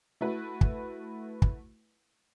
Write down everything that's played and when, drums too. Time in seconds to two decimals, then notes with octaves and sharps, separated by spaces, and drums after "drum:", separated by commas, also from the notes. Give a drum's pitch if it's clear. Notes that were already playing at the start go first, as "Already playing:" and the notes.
0.21 A3 E4 F#4 B4
0.61 drum: kick
1.42 drum: kick